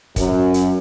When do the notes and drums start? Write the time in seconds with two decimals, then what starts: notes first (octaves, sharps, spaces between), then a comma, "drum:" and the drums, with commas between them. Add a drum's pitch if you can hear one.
0.16 F#2, drum: kick, hi-hat
0.54 drum: hi-hat